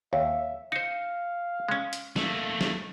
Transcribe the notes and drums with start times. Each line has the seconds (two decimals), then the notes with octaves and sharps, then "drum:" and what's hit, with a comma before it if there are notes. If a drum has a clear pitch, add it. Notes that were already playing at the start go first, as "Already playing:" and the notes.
0.13 D#2 C#5 E5 F5
0.72 D#4 C5 F5 C#7
1.69 G#3 C#4
1.93 drum: hi-hat
2.16 A3 A#3, drum: snare
2.61 drum: snare